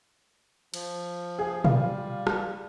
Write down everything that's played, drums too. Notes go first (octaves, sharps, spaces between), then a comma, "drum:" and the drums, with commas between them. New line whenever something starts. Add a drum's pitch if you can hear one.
F3, drum: cymbal
G#4
G3 F4, drum: tom
drum: rim click